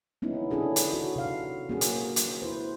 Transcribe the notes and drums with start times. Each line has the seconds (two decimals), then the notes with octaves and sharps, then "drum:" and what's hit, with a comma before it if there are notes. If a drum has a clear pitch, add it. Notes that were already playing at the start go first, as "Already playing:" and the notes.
0.22 B3 C#4 D#4 E4
0.51 C#4 D4 E4 G#4 A4
0.76 drum: hi-hat
0.93 F#4
1.16 C3 F5
1.69 A#3 C#4 F#4 G#4
1.81 drum: hi-hat
2.16 drum: hi-hat
2.42 E4 B4 C5